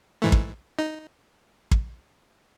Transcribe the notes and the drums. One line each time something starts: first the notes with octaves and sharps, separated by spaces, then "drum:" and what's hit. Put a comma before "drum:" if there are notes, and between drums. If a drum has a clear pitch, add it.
G#2 E3 A3
drum: kick
D#4
drum: kick